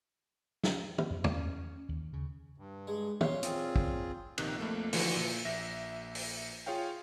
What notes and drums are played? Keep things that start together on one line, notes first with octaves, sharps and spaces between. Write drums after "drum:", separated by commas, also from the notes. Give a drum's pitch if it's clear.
drum: snare
drum: tom
F2
drum: tom
C#4
D#2
C#3
G2
G#3
A#2 C#4 C6, drum: tom
C4 F4 G#4, drum: hi-hat
drum: kick
A#1 C3 D#3 F#6, drum: cymbal
F2 A3 A#3
D3 E3 F3 F#4, drum: open hi-hat
A#2
A#1 E5 A#6
drum: open hi-hat
F4 G#4 C#5 F5 G5